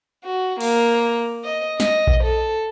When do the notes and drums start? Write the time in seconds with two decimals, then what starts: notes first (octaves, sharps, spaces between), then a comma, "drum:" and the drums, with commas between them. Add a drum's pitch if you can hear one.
0.24 F#4
0.61 A#3, drum: cymbal
1.45 D#5
1.80 D#5, drum: snare
2.07 drum: kick A#1
2.24 A4